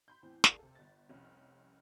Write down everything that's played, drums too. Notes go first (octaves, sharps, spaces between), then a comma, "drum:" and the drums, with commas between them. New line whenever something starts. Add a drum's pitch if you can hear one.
B5 C6 G6
E2 A2 C4
G#4 A#4 D5 F5 G#5 A5, drum: snare
C3 A4
G1 A6
F1 C2 C#4